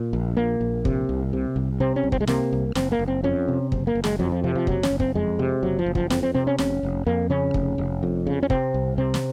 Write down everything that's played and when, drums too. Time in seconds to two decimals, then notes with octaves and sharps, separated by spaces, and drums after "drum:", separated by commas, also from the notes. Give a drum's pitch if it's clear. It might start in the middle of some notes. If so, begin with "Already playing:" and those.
Already playing: A#2
0.13 A#1
0.37 A#2 A#3
0.61 A#1
0.85 C3, drum: kick
1.09 C2
1.33 C3
1.56 C2
1.80 C3 C4
1.96 C#4
2.03 C2
2.12 C4, drum: kick
2.21 G#3
2.27 C3 A#3, drum: snare
2.53 C2
2.75 F#1 C4, drum: snare
2.92 A#3
2.99 F#1
3.08 C4
3.24 F2 C#4
3.48 C3
3.72 F#1 C4, drum: kick
3.87 A#3
3.95 F#1
4.04 G#3, drum: snare
4.19 F2 F#3
4.32 F3
4.44 C3 F3
4.55 F3
4.67 F#1 F#3, drum: kick
4.83 C#4, drum: snare
4.91 F#1
5.00 C4, drum: kick
5.15 F2 G#3
5.39 C3
5.63 F#1 F#3
5.79 F3
5.86 F#1
5.95 F3, drum: kick
6.10 F2 C4, drum: snare
6.23 C4
6.35 C3 C4
6.47 C#4
6.58 F1 C#4, drum: snare
6.83 F1
7.07 F2 A#3
7.30 C#3 C#4
7.54 F1, drum: kick
7.78 F1
8.03 F2
8.27 C#3
8.43 C#4
8.50 C3 C4, drum: kick
8.74 C2
8.98 C3 C4
9.14 drum: snare